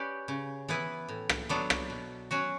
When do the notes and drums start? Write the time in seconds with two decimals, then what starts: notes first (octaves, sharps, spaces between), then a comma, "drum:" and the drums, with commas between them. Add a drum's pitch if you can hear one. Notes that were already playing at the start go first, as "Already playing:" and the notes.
Already playing: C#4 G4 B4 D5
0.28 C#3
0.69 E3 B3 E4 B4
1.08 A2
1.29 drum: rim click
1.49 F#3 B3 D4 A4
1.70 drum: rim click
1.90 B2
2.31 F#3 C#4 F#4